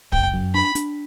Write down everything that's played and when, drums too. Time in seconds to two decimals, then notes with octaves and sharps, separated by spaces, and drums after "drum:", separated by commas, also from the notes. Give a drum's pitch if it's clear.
0.12 F#1 G5, drum: kick
0.33 F#2
0.54 D4 B5
0.75 D4, drum: hi-hat